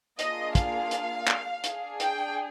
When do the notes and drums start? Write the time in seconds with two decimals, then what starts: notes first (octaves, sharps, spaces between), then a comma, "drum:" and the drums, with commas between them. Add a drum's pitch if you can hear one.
0.19 A#3 D4 F4 G#4 D#5, drum: hi-hat
0.55 F5, drum: kick, hi-hat
0.91 drum: hi-hat
1.27 drum: clap
1.64 D4 G#4, drum: hi-hat
2.00 G5, drum: hi-hat